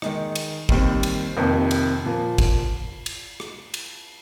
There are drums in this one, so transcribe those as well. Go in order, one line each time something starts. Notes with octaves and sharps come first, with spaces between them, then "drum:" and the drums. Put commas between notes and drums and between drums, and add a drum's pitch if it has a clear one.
D#3 G#3 D#4, drum: rim click
drum: cymbal
D#2 D#3 G3 C4, drum: kick G1
drum: cymbal
F1 F2 C3 D#3 A#3
drum: cymbal
A#2 F3 A#3
drum: kick G1, cymbal
drum: cymbal
drum: rim click
drum: cymbal